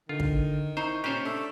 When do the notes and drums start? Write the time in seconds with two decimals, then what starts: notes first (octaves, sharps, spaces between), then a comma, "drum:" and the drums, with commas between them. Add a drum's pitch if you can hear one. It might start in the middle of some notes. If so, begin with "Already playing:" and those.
0.09 D3 D#3 F4
0.20 drum: kick
0.77 D#4 E4 C5 C#6
1.04 A#2 C#4 G4 C5 C#5
1.25 A3 D4